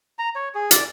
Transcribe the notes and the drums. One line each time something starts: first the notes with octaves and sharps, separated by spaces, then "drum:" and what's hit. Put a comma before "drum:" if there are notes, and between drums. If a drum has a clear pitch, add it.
A#5
C#5
G#4
D5, drum: hi-hat